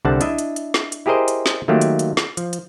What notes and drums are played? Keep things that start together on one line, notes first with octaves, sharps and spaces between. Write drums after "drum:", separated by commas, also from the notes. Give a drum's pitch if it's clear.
C2 D3 G3 C4 F#5 A5
D4 E4 D#5 E5, drum: hi-hat
drum: hi-hat
drum: hi-hat
drum: snare
drum: hi-hat
E4 G4 G#4 A#4 C5 D#5
drum: hi-hat
drum: snare
D#3 F#3 A3 A#3 F4 G4
drum: hi-hat
drum: hi-hat
drum: snare
F3, drum: hi-hat
drum: hi-hat